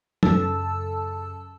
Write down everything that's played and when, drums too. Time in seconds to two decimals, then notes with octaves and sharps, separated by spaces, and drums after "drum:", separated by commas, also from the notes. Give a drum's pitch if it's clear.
0.23 F#2 C#3 A4 A5 E6, drum: tom